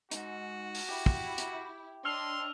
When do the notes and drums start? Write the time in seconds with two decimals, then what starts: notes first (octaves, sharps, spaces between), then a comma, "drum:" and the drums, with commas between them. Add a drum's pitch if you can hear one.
0.11 G#2 D#4 F#4, drum: hi-hat
0.75 drum: open hi-hat
0.89 E4 G4
1.06 drum: kick
1.38 drum: hi-hat
2.05 D4 C#5 D#5 C6 E6 F6 F7